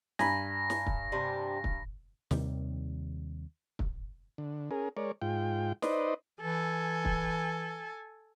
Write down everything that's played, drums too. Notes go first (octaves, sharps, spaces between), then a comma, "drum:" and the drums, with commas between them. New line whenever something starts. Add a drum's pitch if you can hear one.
G2 G#5 A#5 B5 A#6, drum: snare
drum: snare
drum: kick
C3 G3 D4
drum: kick
D#2 C3 D#3 G3, drum: snare
drum: kick
D3
C#4 G#4 A#4
G#3 A#4 C#5 D5
G#2 F4 G5
D#4 B4 C5 D5 D#5, drum: snare
E3 A4 G#5
drum: kick